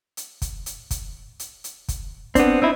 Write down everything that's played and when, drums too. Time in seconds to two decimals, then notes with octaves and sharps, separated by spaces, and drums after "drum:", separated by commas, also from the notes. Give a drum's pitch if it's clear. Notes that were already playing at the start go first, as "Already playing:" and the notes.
0.17 drum: hi-hat
0.42 drum: kick, hi-hat
0.66 drum: hi-hat
0.91 drum: kick, hi-hat
1.40 drum: hi-hat
1.64 drum: hi-hat
1.88 drum: kick, hi-hat
2.35 B3 C4 D4, drum: kick, hi-hat
2.62 C4 D#4 E4